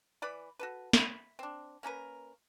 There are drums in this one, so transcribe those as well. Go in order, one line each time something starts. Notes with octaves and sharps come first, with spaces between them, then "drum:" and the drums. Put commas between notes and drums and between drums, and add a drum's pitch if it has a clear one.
E3 B4 D5 B5
F#4 A4 B4
E5 B5, drum: snare
C4 D4
A#3 C#4 A#4 B4